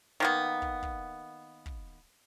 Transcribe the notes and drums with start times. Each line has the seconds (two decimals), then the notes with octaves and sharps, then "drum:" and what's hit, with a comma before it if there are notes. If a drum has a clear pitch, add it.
0.20 D#3 A#3 B3
0.62 drum: kick
0.83 drum: kick
1.66 drum: kick